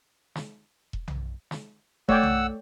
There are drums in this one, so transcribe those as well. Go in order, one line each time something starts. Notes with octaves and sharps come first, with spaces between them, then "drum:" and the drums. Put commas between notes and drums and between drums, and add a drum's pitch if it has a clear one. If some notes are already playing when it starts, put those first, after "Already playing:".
drum: snare
drum: kick E1
drum: tom B1
drum: snare
A3 C#5 D5 F#5 G5 E6, drum: kick E1
drum: tom B1